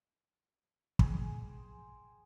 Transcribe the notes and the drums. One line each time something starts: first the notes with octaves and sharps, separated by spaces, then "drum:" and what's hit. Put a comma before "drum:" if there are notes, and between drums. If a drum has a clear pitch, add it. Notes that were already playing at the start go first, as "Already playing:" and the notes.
G#4 C5 G5, drum: kick